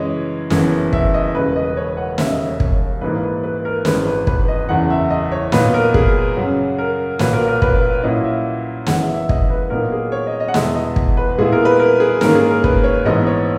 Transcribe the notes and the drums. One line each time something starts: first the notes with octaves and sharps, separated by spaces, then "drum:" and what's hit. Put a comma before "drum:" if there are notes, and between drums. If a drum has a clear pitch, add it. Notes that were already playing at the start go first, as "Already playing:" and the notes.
Already playing: F#2 C#3 E3 G#3 C#5 D#5
F#1 F#2 E3 B3, drum: snare
E5, drum: kick
D#5
E1 D#2 C#3 B4
D#5
C#5
F#5
E1 D#2 C#3 E5, drum: snare
D#5
C#5
drum: kick
A#1 G#2 E3 A#3 D#4 B4
B4
B4
A#4
G#1 F#2 E3 G#3 B4, drum: snare
B4
B4, drum: kick
D#5
F#1 E2 C#3 E3 F#5
E5
D#5
C#5
A#2 F#3 B3 D#4 B4, drum: snare
A#4
G#4, drum: kick
F#2 C#3 F#3
A#4
B1 A#2 F#3 A#3 B4, drum: snare
A#4
A#4
B4, drum: kick
A#2 F#3 A#3 C#4 E4 D#5
E5
F#1 F#2 E3 G#3 B3 F#5, drum: snare
E5
E5
D#5, drum: kick
B4
A#2 F#3 B3 D#4 A#4
G#4
C#5
D#5
D#5
F#5
E2 B2 G#3 B3 E5, drum: snare
D#5
drum: kick
B4
A#2 G#3 B3 E4 G#4
A#4
B4
A#4
G#4
G#2 D#3 A#3 C#4 A#4, drum: snare
G#4
A#4
B4, drum: kick
C#5
A#1 G#2 E3 G#3 B3 D#5
C#5